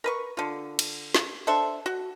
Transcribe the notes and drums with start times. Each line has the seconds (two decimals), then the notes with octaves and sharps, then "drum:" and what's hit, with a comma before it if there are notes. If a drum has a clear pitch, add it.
0.04 A#4 B4 C#6
0.37 D3 F4
0.79 drum: cymbal
1.15 drum: snare
1.47 D4 A4 C5 E5
1.86 F#4